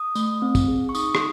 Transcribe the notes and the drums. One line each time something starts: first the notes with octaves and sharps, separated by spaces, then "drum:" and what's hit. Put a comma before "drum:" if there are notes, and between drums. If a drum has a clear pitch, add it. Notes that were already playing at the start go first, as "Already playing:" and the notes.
Already playing: D#6
A3, drum: tambourine
C4
drum: kick, tambourine
G#4
C#6
D#4 D#6, drum: tambourine
drum: rim click